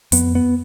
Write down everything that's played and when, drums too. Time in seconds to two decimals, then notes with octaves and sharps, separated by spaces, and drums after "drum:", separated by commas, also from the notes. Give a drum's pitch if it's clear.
0.12 F2 B3, drum: hi-hat
0.35 B3